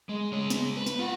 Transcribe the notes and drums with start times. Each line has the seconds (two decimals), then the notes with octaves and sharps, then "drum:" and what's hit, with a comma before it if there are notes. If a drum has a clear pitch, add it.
0.09 G#3
0.32 G#3 C#5
0.50 drum: snare
0.77 B4
0.87 drum: snare
0.99 F4 F#5